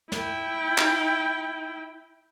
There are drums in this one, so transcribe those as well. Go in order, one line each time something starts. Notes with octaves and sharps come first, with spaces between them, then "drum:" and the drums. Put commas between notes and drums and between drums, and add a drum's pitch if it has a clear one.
E4 G5, drum: snare
drum: clap